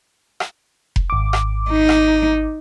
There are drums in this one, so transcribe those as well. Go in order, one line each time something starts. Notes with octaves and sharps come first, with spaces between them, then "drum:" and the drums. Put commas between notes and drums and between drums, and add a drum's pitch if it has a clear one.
drum: rim click
drum: kick F1
G#1 D6
drum: rim click
D#4
drum: rim click